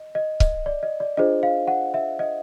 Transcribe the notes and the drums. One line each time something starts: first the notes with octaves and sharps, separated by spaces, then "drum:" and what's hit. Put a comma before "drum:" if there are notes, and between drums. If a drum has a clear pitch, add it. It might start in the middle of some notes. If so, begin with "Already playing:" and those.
Already playing: D#5
D#5
D#5, drum: kick C#1
D5
D#5
D5
D4 F4 G#4 C5 D#5
F5
F#5
E5
D#5